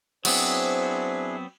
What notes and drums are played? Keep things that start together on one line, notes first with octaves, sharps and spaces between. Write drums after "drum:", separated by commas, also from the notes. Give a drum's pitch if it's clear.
F#3 B3 C4 D4 E4 G#4 C5, drum: cymbal